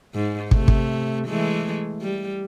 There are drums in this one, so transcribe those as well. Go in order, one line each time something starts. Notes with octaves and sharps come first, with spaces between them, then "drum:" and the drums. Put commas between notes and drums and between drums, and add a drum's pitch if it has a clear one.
G#2
C3 A3, drum: kick
drum: kick
E3 G#3 A3
G3